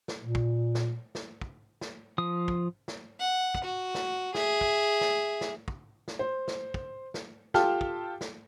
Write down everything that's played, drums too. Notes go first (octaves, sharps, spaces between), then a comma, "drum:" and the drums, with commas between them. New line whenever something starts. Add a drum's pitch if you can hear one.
drum: snare
A#2
drum: kick
drum: snare
drum: snare
drum: kick
drum: snare
F3 D#6
drum: kick
drum: snare
F#5
drum: kick
F#4
drum: snare
G#4 E5, drum: snare
drum: kick
drum: snare
drum: snare
drum: kick
drum: snare
C5
drum: snare
drum: kick
drum: snare
F4 G4 A4 G5 A5 F6, drum: snare
drum: kick
drum: snare